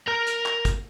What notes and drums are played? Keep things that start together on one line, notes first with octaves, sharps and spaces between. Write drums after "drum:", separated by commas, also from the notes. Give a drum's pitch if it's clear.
A#4 A#5
drum: hi-hat
drum: clap
drum: kick, hi-hat